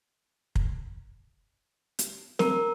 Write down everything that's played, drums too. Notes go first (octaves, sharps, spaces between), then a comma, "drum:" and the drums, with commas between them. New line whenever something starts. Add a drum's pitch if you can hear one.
drum: kick
drum: hi-hat
A#4, drum: snare